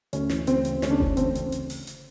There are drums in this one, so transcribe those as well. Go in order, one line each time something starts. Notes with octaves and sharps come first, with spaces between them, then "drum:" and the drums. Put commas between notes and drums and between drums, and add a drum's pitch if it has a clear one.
D2 C#4, drum: hi-hat
E3, drum: snare
D2 C4, drum: hi-hat
C#3, drum: hi-hat
D2 C#4, drum: snare
D4
E3 C#4, drum: kick F#1
D2 C4, drum: hi-hat
C#3, drum: hi-hat
drum: hi-hat
drum: open hi-hat
drum: hi-hat